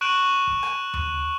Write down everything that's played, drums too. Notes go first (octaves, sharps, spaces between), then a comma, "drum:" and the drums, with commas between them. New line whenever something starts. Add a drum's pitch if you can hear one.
C#6 F#6 D7 E7 F#7
drum: kick
drum: rim click
drum: tom D#2